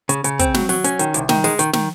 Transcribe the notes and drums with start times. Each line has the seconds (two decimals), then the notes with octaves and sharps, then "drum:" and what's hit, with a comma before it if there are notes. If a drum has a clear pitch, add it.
0.09 C#3, drum: hi-hat
0.24 C#3, drum: hi-hat
0.39 C4, drum: kick, hi-hat
0.54 F#3, drum: snare
0.69 F#3, drum: open hi-hat
0.84 C#4, drum: hi-hat
0.99 D#3, drum: hi-hat
1.14 C2, drum: hi-hat
1.29 D#3, drum: snare
1.44 G#3, drum: open hi-hat
1.59 D#3, drum: hi-hat
1.73 D#3, drum: snare